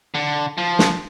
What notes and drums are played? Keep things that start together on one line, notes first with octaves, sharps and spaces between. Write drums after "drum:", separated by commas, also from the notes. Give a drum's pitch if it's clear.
D3
F3
drum: snare